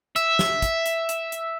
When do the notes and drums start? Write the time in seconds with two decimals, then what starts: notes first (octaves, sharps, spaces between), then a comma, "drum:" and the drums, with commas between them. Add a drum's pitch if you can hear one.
0.16 E5, drum: hi-hat
0.39 drum: snare
0.62 drum: kick, hi-hat
0.86 drum: hi-hat
1.09 drum: hi-hat
1.32 drum: hi-hat